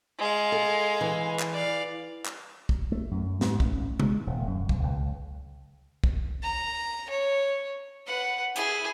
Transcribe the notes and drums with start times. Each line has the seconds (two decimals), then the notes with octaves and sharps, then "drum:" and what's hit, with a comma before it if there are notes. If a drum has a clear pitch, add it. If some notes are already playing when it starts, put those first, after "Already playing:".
0.19 G#3 F5
0.52 A4
1.01 E3
1.39 drum: clap
1.52 D5 F5
2.26 drum: clap
2.69 drum: kick
2.92 A3
3.11 F#2
3.41 G#2, drum: snare
3.60 A1, drum: kick
4.00 G#3, drum: tom C3
4.27 D#1
4.48 F#2
4.69 B1, drum: kick
4.83 C#2
6.04 drum: kick
6.43 A#5
7.10 C#5
8.07 B4 F#5
8.56 E4 G#4, drum: hi-hat